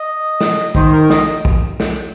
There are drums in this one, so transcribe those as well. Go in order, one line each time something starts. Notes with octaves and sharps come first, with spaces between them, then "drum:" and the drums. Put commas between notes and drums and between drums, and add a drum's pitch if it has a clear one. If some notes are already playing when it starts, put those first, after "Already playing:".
Already playing: D#5
drum: snare
D#3 C5, drum: kick
A#4
D#5, drum: snare
drum: kick
drum: snare